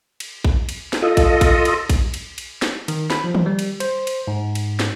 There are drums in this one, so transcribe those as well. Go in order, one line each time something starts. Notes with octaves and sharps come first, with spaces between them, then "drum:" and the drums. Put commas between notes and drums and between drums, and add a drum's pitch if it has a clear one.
drum: cymbal
drum: kick A#1
drum: cymbal
drum: snare
F4 A4 D#5
drum: kick A#1, cymbal
drum: kick A#1, cymbal
drum: cymbal
drum: kick A#1, cymbal
drum: cymbal
drum: cymbal
drum: snare
D#3, drum: cymbal
B5, drum: snare
F3
drum: tom D#3
G3
drum: cymbal
C5, drum: cymbal
drum: cymbal
G#2
drum: cymbal
drum: snare